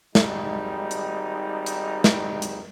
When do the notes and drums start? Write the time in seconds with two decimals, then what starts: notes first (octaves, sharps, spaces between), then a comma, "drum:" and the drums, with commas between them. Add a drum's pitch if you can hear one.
0.15 G#1 G3 D#4, drum: snare
0.91 drum: hi-hat
1.66 drum: hi-hat
2.04 drum: snare
2.42 drum: hi-hat